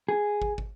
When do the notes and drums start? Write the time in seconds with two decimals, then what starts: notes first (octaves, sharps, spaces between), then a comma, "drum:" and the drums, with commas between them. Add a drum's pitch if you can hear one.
0.08 G#4
0.42 drum: kick
0.58 drum: kick